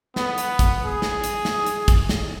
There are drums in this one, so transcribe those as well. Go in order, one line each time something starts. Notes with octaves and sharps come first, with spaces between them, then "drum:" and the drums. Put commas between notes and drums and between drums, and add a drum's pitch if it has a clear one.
B3, drum: snare
drum: hi-hat
drum: kick, hi-hat
G#4
drum: snare
drum: hi-hat
drum: snare
drum: hi-hat
drum: kick, hi-hat
drum: snare